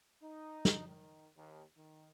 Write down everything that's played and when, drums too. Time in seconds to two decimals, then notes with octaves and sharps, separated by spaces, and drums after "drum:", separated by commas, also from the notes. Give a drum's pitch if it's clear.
0.22 D#4
0.65 drum: snare
0.86 D#3
1.36 D#2
1.76 D#3